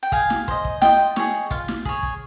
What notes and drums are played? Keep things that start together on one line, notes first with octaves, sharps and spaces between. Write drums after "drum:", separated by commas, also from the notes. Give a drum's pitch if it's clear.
G5
G#4 F5 G#5, drum: kick, hi-hat
drum: snare
C5 D#5, drum: kick, hi-hat
drum: kick
F4 D#5 G5, drum: snare
drum: hi-hat
G#4 C#5, drum: snare
drum: hi-hat
F4 F5, drum: kick, hi-hat
drum: snare
G#4 C#5, drum: kick, hi-hat
drum: kick, hi-hat